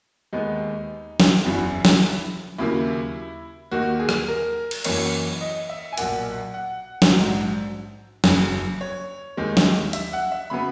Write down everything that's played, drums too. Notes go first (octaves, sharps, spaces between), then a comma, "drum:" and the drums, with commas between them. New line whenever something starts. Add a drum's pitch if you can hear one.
D#2 D#3 G#3 B3 D#4
drum: snare
F#1 E2 C#3 F#3 B3 E4
drum: snare
D#2 C#3 F#3 A#3 E4
D#2 D#3 A#3 F#4
G#4
drum: rim click
A#4
drum: cymbal
F#2 E3 A#3 C#5, drum: cymbal
D#5
E5
G#5
B1 A#2 A#3 F#5, drum: hi-hat
F#5
drum: snare
A#1 G#2 F#3
F#1 F#2 C#3, drum: snare
C#5
D#2 D#3 G#3
drum: snare
E5, drum: hi-hat
F#5
E5
C#3 F#3 B3 B5